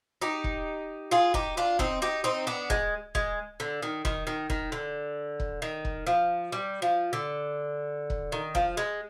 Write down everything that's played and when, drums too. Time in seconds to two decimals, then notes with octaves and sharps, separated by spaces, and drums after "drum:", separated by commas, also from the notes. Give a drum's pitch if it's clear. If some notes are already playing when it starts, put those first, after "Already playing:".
0.22 D#4 G4
0.44 drum: kick
1.11 F4 G#4
1.34 D#4 G4, drum: kick
1.57 D4 F4
1.79 C4 D#4, drum: kick
2.02 D#4 G4
2.24 C4 D#4
2.47 B3 D4
2.70 G#3, drum: kick
3.15 G#3, drum: kick
3.60 D3
3.83 D#3
4.05 D#3, drum: kick
4.27 D#3
4.50 D#3, drum: kick
4.72 D3
5.40 drum: kick
5.62 D#3
5.85 drum: kick
6.07 F3
6.52 G3
6.82 F3
7.13 D3
8.10 drum: kick
8.32 D#3
8.55 F3, drum: kick
8.77 G#3